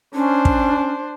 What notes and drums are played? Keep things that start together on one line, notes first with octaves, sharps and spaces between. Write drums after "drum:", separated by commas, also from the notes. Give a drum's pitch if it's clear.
C#4 D4 C5
drum: kick